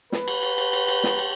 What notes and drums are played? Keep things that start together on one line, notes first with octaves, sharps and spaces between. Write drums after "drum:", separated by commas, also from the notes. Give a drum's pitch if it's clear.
B4, drum: snare
drum: cymbal
drum: cymbal
drum: cymbal
drum: cymbal
drum: cymbal
drum: snare
drum: cymbal